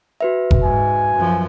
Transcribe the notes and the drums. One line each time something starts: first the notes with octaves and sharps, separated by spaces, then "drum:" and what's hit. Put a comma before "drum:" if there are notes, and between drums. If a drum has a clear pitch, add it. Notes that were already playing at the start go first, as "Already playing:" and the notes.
F#4 B4 E5
drum: kick F1
G#2 G#5
F#2 F3